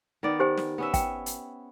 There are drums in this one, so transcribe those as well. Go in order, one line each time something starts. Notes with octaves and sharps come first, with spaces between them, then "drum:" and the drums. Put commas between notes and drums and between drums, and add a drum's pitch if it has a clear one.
D#3 B3 D5
G4 C5 G#5
drum: snare
B3 C#4 E5
G5, drum: kick, hi-hat
drum: hi-hat